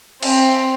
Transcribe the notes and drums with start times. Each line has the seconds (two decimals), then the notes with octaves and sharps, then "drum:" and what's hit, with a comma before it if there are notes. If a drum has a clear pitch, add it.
0.23 C4, drum: cymbal